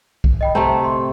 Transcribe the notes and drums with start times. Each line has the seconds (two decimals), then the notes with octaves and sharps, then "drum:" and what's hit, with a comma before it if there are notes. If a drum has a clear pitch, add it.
0.24 drum: kick B1
0.41 D#5 G5 B5
0.55 C3 A3 C4 A#5
0.84 C6